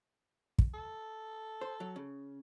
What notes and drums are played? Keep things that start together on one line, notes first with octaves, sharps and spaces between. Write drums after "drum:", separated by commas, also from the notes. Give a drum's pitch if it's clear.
drum: kick
A4
C5
F#3
C#3